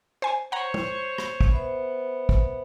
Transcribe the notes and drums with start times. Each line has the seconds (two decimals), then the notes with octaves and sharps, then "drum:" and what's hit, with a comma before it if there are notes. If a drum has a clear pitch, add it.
0.22 C5 G#5
0.52 C5 C#5 F#5 A#5
0.74 drum: tom
1.18 drum: rim click
1.41 drum: kick
1.51 B3 C5 E5 B5
2.29 drum: kick